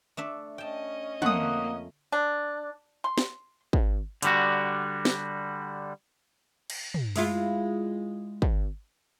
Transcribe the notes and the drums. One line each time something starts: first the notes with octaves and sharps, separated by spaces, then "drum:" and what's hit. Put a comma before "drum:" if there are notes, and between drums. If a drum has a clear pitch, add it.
A3 D4 E5
C#4 D#5 G5 A5
F2 A3 A#3 F#5 D#6, drum: tom
D4
C6
drum: snare
drum: kick
D3 G3 F#4, drum: hi-hat
drum: snare
drum: cymbal
drum: tom
G#3 E4 F4, drum: open hi-hat
drum: kick